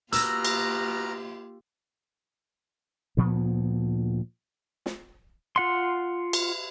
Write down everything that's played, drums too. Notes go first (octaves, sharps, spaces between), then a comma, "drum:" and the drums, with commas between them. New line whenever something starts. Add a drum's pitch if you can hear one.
B2 A#3 F4 G4 A#5 E6 F6, drum: hi-hat
drum: cymbal
D2 A#2 F3 B3
drum: snare
F4 F#5 C6
drum: cymbal